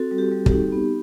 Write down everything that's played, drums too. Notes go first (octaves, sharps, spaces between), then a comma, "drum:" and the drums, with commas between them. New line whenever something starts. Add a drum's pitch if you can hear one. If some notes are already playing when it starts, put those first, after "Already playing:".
Already playing: C4 F#4 A4
G3
G4
G3
G4, drum: kick
D#4
B3